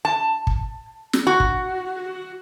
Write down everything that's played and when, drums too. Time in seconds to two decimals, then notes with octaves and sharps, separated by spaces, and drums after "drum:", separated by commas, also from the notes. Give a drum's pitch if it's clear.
0.05 A5
0.47 drum: kick
1.13 drum: snare
1.27 F#4
1.40 drum: kick